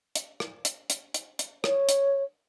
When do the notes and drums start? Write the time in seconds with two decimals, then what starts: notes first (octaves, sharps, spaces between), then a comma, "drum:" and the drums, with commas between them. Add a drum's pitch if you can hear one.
0.16 drum: hi-hat
0.40 drum: rim click
0.65 drum: hi-hat
0.90 drum: hi-hat
1.14 drum: hi-hat
1.39 drum: hi-hat
1.64 C#5, drum: rim click
1.89 drum: hi-hat